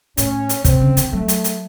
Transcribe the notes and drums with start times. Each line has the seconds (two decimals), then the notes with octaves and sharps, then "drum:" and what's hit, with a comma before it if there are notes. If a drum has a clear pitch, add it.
0.17 A2 C#4, drum: hi-hat
0.49 drum: hi-hat
0.64 C3 C4, drum: kick, hi-hat
0.81 C#3
0.97 D#3, drum: hi-hat
1.13 F#3 A3
1.28 drum: hi-hat
1.44 drum: hi-hat